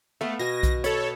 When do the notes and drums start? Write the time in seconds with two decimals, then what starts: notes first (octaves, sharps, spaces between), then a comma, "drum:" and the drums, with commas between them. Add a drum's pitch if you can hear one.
0.21 A3 B3 F5
0.39 B2 G#5 A#6
0.63 drum: kick B1, hi-hat
0.84 A4 C#5 B5, drum: hi-hat